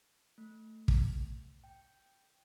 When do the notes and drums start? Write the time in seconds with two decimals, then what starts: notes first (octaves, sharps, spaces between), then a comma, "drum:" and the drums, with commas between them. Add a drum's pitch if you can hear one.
0.38 A3
0.88 drum: kick
1.64 G5